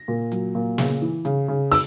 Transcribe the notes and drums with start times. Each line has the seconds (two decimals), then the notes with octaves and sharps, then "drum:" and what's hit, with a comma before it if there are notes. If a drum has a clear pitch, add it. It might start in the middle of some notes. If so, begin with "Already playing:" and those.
Already playing: A#6
0.08 A#2
0.32 F#3, drum: hi-hat
0.55 A#2
0.78 C#3, drum: snare
1.02 E3
1.25 C#3, drum: hi-hat
1.48 C#3
1.72 E6, drum: open hi-hat